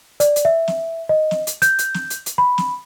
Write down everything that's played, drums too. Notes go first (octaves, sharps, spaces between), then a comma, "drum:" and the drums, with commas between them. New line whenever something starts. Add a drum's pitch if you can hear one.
D5, drum: hi-hat
drum: hi-hat
E5
drum: snare
D#5
drum: snare
drum: hi-hat
G6, drum: hi-hat
drum: hi-hat
drum: snare
drum: hi-hat
drum: hi-hat
B5
drum: snare